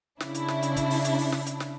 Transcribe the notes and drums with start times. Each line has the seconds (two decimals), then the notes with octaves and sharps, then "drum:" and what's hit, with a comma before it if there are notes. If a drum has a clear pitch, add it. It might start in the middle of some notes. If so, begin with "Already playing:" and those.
0.20 C#3 D4 E4, drum: snare
0.34 drum: hi-hat
0.48 drum: snare
0.62 drum: hi-hat
0.76 drum: kick, hi-hat
0.90 drum: open hi-hat
1.04 drum: hi-hat
1.18 drum: open hi-hat
1.32 drum: snare
1.46 drum: hi-hat
1.60 drum: snare